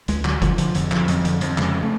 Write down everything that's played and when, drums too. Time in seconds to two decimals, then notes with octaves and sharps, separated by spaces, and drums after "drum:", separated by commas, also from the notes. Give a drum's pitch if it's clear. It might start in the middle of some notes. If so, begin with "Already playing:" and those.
0.08 D2 G#3, drum: hi-hat
0.25 D3 F#3, drum: clap
0.42 D3 F3, drum: kick F1, hi-hat
0.58 D3 F3, drum: hi-hat
0.75 F2 D3, drum: hi-hat
0.91 F2 F3, drum: clap
1.08 F2 F#3, drum: hi-hat
1.25 D3 F3, drum: hi-hat
1.41 F2 F3, drum: hi-hat
1.58 C#3 G#3, drum: clap
1.83 A3